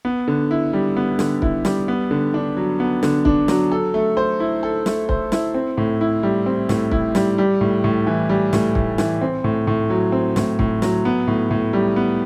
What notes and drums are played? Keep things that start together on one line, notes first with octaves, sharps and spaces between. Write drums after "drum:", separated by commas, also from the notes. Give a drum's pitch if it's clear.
B3
D3
E4
G3
B3
D3, drum: snare
E4, drum: kick
G3, drum: snare
B3
D3
D4
F#3
B3
D3, drum: snare
D4, drum: kick
F#3, drum: snare
A4
A3
C5
E4
A4
A3, drum: snare
C5, drum: kick
E4, drum: snare
C4
A2
E4
G3
C4
A2, drum: snare
E4, drum: kick
G3, drum: snare
G3
A2
A2
E3
G3
A2, drum: snare
A2, drum: kick
E3, drum: snare
C4
A2
A2
F#3
C4
A2, drum: snare
A2, drum: kick
F#3, drum: snare
B3
A2
A2
G3
B3